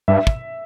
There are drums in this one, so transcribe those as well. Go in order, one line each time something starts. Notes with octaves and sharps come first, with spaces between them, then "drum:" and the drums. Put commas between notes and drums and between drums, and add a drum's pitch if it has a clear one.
G2 E5
drum: kick